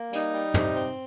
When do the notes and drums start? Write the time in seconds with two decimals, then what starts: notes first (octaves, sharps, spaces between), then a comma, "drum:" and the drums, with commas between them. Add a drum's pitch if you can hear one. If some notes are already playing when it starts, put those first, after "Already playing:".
Already playing: A#3
0.13 G3 D#4, drum: hi-hat
0.34 G3
0.54 C3, drum: tom
0.76 C4